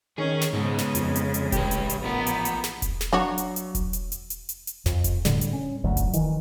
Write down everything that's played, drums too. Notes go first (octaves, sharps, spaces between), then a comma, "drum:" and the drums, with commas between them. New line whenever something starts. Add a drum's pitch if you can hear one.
D#3 C#4 G#4
drum: snare
G#2 C#3 G#3 B3 D#4
drum: snare
F2, drum: hi-hat
drum: hi-hat
drum: hi-hat
A1 G4 B4, drum: kick E1, hi-hat
drum: hi-hat
drum: hi-hat
F3 B3 A#4
drum: hi-hat
drum: hi-hat
drum: snare
drum: kick E1, hi-hat
drum: snare
F#3 D4 F#4 C#5
drum: hi-hat
drum: hi-hat
drum: kick E1, hi-hat
drum: hi-hat
drum: hi-hat
drum: hi-hat
drum: hi-hat
drum: hi-hat
F2, drum: snare
drum: kick E1, hi-hat
A2 D3 G3, drum: snare
drum: hi-hat
C#4
G1 D2 F#3
drum: kick E1, hi-hat
D#3 E3, drum: hi-hat